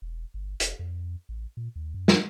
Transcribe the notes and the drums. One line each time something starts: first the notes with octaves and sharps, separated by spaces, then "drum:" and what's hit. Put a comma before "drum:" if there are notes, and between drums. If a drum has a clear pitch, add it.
E1
G1
F1, drum: hi-hat
F2
A1
A#2
D#2
F#2
drum: snare